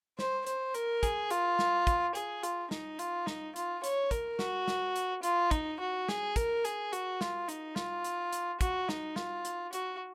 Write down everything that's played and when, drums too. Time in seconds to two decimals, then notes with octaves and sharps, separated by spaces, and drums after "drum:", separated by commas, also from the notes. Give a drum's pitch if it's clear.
0.19 C5, drum: snare
0.47 C5, drum: hi-hat
0.75 A#4, drum: hi-hat
1.03 G#4, drum: kick, hi-hat
1.30 F4, drum: hi-hat
1.59 drum: snare
1.87 drum: kick, hi-hat
2.15 G#4, drum: hi-hat
2.43 F4, drum: hi-hat
2.71 D#4, drum: snare
2.99 F4, drum: hi-hat
3.27 D#4, drum: snare
3.56 F4, drum: hi-hat
3.84 C#5, drum: hi-hat
4.11 A#4, drum: kick, hi-hat
4.39 F#4, drum: snare
4.68 drum: snare
4.96 drum: hi-hat
5.23 F4, drum: hi-hat
5.51 D#4, drum: kick, hi-hat
5.80 F#4
6.09 G#4, drum: snare
6.36 A#4, drum: kick, hi-hat
6.65 G#4, drum: hi-hat
6.93 F#4, drum: hi-hat
7.21 F4, drum: snare
7.49 D#4, drum: hi-hat
7.76 F4, drum: snare
8.04 drum: hi-hat
8.33 drum: hi-hat
8.61 F#4, drum: kick, hi-hat
8.89 D#4, drum: snare
9.16 F4, drum: snare
9.45 drum: hi-hat
9.73 F#4, drum: hi-hat